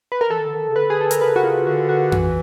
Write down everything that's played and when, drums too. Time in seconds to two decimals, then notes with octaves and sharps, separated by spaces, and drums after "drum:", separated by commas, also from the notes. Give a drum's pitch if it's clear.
0.12 B4
0.21 A#4
0.30 E3 A4
0.39 D#3
0.47 D3
0.55 D#3
0.70 C#3
0.76 D3 B4
0.90 G#4
1.01 A4
1.11 A#4, drum: hi-hat
1.21 C#3 B4
1.36 F#4
1.43 F4
1.66 D3 F#4
1.89 F#4
2.12 E3 F#4, drum: tom F2